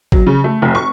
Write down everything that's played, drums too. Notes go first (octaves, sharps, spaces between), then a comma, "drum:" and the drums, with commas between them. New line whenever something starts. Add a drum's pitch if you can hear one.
F#3, drum: kick
C#3
A3
F1
C#6